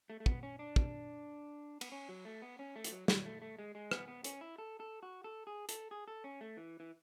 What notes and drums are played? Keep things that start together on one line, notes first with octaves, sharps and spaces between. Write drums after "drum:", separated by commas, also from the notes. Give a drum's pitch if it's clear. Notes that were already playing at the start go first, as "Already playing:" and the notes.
A3
A3
B3, drum: kick
C#4
D4
drum: kick
B3, drum: cymbal
C#4
F#3
A3
B3
C#4
A3
E3, drum: hi-hat
F#3
F#3, drum: snare
A3
A3
G#3
G#3
B3, drum: rim click
B3
C#4, drum: hi-hat
E4
A4
A4
F#4
A4
G#4
A4, drum: hi-hat
G#4
A4
C#4
A3
E3
E3